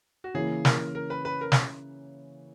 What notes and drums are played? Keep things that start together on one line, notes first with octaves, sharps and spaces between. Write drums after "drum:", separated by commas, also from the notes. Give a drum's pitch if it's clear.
F#4
C#3 E3 A#3 C#4 E4 G#4
A#4, drum: snare
A#4
B4
B4
A#4
drum: snare